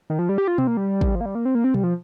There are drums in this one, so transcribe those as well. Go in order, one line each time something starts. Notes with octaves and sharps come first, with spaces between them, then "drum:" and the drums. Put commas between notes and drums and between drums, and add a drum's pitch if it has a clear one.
D#3
F3
G3
G4
F4
C4, drum: tom B2
A#3
G3
drum: kick
F3
A#3
G3
A#3
C4
A#3
C4
G3, drum: tom B2
F3